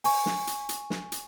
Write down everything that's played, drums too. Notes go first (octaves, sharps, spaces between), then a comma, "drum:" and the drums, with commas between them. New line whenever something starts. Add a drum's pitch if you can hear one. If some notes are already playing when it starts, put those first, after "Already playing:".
G#5 C#6, drum: open hi-hat
drum: snare
drum: hi-hat
drum: hi-hat
drum: snare
drum: hi-hat